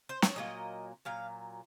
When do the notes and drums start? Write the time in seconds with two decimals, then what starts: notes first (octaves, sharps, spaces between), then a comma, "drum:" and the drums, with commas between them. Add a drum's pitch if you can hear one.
0.09 C5
0.22 C#5, drum: snare
0.36 A#2 F#3 A#3 D#5
1.05 A#2 F#3 F5